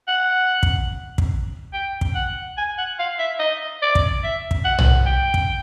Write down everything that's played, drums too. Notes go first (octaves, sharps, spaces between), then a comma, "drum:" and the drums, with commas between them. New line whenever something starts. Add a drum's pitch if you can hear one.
F#5
drum: kick
drum: kick
G5
drum: kick
F#5
G#5
F#5
F5
E5
D#5
D5
drum: kick
E5
drum: kick
F#5
drum: tom B1
G5
drum: kick